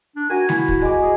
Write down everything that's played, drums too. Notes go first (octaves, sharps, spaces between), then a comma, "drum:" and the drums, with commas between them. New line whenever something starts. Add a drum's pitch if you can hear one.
D4
F#4 A#4 G#5
E4, drum: snare G#3
drum: kick
G#3 D6
G#4